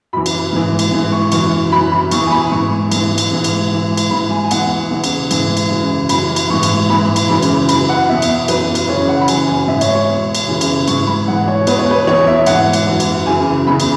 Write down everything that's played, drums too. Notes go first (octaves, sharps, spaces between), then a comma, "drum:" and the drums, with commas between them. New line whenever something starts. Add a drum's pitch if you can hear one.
F#2 E3 B5
drum: cymbal
G#2 E3
drum: cymbal
G#2 E3
C#6
F#2 E3 C#6, drum: cymbal
F#2 E3 B5
B5
E2 E3 C#6, drum: cymbal
G#5
B5
G#2 E3 C#6
G#2 E3, drum: cymbal
drum: cymbal
G#2 E3
drum: cymbal
G#2 E3
drum: cymbal
G#2 E3 B5
G#5
G#5
E2 E3 F#5, drum: cymbal
E2 C#3 E3
drum: cymbal
G#2 E3, drum: cymbal
drum: cymbal
F#2 C#3 E3
F#2 E3 B5, drum: cymbal
drum: cymbal
G#2 E3 C#6
drum: cymbal
G#2 E3 B5
drum: cymbal
F#2 C#3 E3 B5
drum: cymbal
F#2 E3 B5, drum: cymbal
F#5
E2 B2 E5
drum: cymbal
F#2 E3 B4, drum: cymbal
drum: cymbal
F#2 C#3 E3 C#5
F#5
B5
F#2 C#3 E3 G#5, drum: cymbal
G#5
G#2 E3 E5
C#5, drum: cymbal
C#6
E2 B2
drum: cymbal
F#2 C#3 E3
drum: cymbal
G#2 E3 C#6, drum: cymbal
B5
G#2 E3 F#5
C#5
E2 B2 B4, drum: cymbal
C#5
B4
E2 E3 C#5
E5
G#2 E3 F#5, drum: cymbal
drum: cymbal
F#2 E3
drum: cymbal
F#2 C#3 E3 G#5
E2 C#3 E3 B5
drum: cymbal